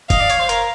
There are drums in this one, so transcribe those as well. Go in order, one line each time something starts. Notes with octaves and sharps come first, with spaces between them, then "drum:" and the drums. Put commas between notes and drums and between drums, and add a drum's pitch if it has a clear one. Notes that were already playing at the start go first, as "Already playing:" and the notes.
D#5 F5, drum: kick F#1, hi-hat
D5
C#5, drum: hi-hat
C5
A#4, drum: hi-hat